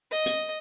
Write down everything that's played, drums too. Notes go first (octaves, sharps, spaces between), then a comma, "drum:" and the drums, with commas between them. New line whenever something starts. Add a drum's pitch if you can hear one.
D#5
drum: hi-hat